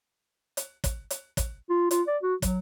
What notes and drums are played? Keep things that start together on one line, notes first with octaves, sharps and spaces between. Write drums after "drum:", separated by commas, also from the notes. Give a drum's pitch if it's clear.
drum: hi-hat
drum: kick, hi-hat
drum: hi-hat
drum: kick, hi-hat
F4
F4, drum: hi-hat
D5
F#4
F#3, drum: kick, hi-hat